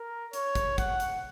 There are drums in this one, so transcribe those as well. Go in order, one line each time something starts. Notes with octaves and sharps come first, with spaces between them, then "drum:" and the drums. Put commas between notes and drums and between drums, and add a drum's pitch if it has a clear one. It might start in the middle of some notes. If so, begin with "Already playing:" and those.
Already playing: A#4
C#5, drum: hi-hat
drum: kick, hi-hat
F#5, drum: kick, hi-hat
drum: hi-hat